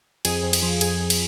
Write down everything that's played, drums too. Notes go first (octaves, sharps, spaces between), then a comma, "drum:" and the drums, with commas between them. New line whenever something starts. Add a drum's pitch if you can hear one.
F2 G#4, drum: cymbal
F2
drum: cymbal
F3
F2 G#4, drum: cymbal
F2
drum: cymbal